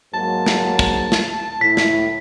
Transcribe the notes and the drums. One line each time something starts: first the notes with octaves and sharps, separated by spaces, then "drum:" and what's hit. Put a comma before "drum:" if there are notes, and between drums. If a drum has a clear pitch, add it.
G#2 F#3 A#3 A5
drum: snare
drum: kick
drum: snare
A2 E4 B6
drum: snare